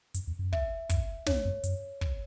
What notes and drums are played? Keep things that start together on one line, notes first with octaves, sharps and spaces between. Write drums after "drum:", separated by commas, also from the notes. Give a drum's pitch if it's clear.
F#2, drum: hi-hat
E2
F#2
E5, drum: kick
F#2, drum: kick, hi-hat
E2 C#5, drum: snare
F#2
F#2, drum: hi-hat
drum: kick